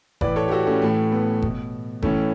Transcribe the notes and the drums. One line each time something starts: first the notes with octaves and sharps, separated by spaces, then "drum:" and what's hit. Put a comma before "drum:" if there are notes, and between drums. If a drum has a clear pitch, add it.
A2 E3 B4 D5, drum: kick F#1
A4 C#5
G4
F#4 A4
A3 C#4
A2 E3 A3
B3
B2, drum: kick F#1
A2 E3 A3 C#4, drum: kick F#1